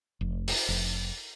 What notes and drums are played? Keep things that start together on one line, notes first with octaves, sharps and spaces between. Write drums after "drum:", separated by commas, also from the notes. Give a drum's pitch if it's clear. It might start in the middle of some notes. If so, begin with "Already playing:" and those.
F1
drum: open hi-hat
F1